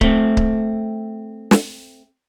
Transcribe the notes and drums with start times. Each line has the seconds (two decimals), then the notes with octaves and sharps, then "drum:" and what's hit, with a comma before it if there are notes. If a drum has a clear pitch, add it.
0.01 A3 C4, drum: kick C#1
0.37 drum: kick C#1
1.51 drum: snare